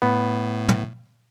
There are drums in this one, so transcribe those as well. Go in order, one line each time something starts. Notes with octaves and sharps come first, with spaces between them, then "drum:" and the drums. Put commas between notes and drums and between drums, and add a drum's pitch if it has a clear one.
A2 B3
drum: tom